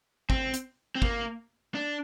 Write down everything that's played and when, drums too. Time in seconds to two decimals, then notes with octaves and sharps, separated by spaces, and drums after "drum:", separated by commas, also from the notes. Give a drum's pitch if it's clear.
0.30 C4, drum: kick
0.54 drum: hi-hat
0.95 C4
1.02 A#3, drum: kick
1.75 D4